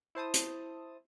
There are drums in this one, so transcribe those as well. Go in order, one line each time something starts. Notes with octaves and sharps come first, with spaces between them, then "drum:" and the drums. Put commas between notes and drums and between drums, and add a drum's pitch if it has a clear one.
E4 C5 A5 D#6
drum: hi-hat